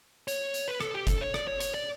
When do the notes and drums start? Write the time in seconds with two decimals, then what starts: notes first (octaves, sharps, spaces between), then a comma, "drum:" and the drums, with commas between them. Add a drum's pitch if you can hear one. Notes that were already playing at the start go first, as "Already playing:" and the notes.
0.28 C#5, drum: hi-hat
0.54 drum: hi-hat
0.68 B4
0.81 A4, drum: rim click
0.94 G4
1.07 A4, drum: kick F#1, hi-hat
1.21 C#5
1.34 D5, drum: rim click
1.47 C#5
1.60 C#5, drum: hi-hat
1.74 D5